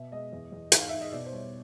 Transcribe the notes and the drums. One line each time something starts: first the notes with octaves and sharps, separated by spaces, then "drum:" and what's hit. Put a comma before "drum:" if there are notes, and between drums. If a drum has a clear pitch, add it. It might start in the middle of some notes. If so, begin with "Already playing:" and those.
Already playing: B2 E5
G#3 D#5
E2
E2
G#2, drum: hi-hat
F5
G#2 E5
D#5
B2 D5
C5
G3 C#5